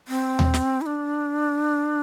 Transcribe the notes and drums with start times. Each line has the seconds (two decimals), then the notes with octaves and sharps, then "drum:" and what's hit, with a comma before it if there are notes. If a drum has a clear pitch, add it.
0.08 C4
0.39 drum: tom D#2
0.54 drum: snare
0.81 E4
0.86 D4